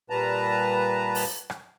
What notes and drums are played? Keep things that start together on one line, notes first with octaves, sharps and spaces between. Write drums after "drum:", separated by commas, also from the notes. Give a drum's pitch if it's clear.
A#2 G3 B4 A5 A#5
drum: open hi-hat
drum: rim click